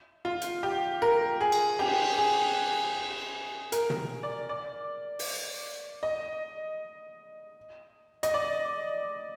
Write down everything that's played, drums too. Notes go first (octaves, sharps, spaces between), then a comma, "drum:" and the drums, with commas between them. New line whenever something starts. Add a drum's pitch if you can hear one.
F4
drum: hi-hat
G4
A#4
G#4
drum: cymbal
G4, drum: cymbal
G#4
A#4, drum: hi-hat
drum: tom
D5
D5
drum: open hi-hat
D#5
D#5, drum: hi-hat
D5